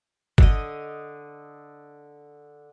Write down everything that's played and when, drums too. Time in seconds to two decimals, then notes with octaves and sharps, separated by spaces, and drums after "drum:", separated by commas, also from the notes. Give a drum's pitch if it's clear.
0.38 D3 D#5, drum: kick G1